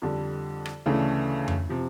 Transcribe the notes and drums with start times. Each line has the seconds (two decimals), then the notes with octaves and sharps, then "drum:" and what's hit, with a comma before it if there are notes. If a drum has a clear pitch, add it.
0.02 F2 D3 G3
0.66 drum: rim click
0.86 D2 C#3 E3 A3 D4
1.48 drum: tom F2
1.69 C3 F3